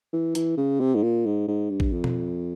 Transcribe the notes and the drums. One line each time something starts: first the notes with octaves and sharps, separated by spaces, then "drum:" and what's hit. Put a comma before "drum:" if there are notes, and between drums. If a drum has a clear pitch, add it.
E3
E3, drum: hi-hat
C#3
C3
G#2
A#2
G#2
G#2
G2
drum: kick A1
F2
drum: tom B2